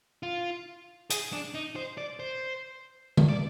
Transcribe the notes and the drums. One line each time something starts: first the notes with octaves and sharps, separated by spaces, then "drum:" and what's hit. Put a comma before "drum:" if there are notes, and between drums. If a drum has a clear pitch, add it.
F4
G#4, drum: hi-hat
D4
D#4
C5
D5
C5
drum: tom D3
D5